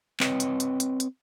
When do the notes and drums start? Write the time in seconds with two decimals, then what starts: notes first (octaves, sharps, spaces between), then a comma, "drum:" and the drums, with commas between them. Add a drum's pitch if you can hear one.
0.20 C4 B4 C#5 D#5, drum: clap
0.40 drum: hi-hat
0.60 drum: hi-hat
0.80 drum: hi-hat
1.00 drum: hi-hat